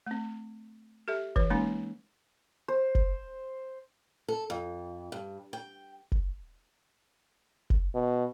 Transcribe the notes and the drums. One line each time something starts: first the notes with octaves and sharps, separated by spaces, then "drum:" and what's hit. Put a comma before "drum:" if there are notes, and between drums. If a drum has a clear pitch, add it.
A3 C4
G4 A4 E5
E3 B4, drum: kick F#1
G#3 A#3 C#4 D#4
C5
drum: kick F#1
A4
F2
G2
G5
drum: kick F#1
drum: kick F#1
B2